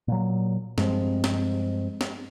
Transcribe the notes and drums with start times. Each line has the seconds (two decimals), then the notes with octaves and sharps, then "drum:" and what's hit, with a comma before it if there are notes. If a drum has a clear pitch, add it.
0.08 A#2 F#3
0.78 G2 F3 G#3 C4, drum: snare
1.24 drum: snare
2.01 drum: snare